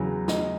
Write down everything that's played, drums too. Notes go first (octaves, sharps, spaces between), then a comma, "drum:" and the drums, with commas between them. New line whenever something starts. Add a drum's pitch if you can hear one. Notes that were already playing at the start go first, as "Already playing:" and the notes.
Already playing: E2 C#3 F#3
D#5, drum: snare